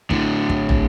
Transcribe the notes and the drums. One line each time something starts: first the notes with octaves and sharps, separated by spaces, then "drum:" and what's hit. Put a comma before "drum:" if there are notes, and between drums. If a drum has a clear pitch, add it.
A2 D3, drum: kick
drum: kick
drum: tom